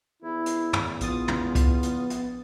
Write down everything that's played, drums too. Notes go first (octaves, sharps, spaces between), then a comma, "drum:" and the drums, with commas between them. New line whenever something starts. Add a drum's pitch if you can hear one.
E2 E4
drum: hi-hat
drum: tom
A#1 B3 F4 D#6 A6, drum: hi-hat
drum: tom
drum: kick C#2, hi-hat
drum: hi-hat
drum: hi-hat